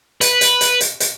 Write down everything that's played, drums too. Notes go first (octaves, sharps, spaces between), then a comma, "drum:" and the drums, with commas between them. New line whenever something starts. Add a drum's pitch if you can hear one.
B4, drum: hi-hat
drum: hi-hat
drum: hi-hat
drum: hi-hat
drum: hi-hat